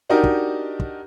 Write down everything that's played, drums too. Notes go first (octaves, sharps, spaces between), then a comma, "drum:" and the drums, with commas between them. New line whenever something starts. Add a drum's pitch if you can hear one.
D4 D#4 F#4 G4 A#4 D#5
drum: kick
drum: kick